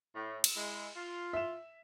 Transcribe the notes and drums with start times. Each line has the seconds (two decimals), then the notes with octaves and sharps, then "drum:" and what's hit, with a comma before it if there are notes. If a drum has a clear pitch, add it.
0.15 A2
0.44 drum: cymbal
0.56 G#3 E4
0.96 F4
1.33 E5 E7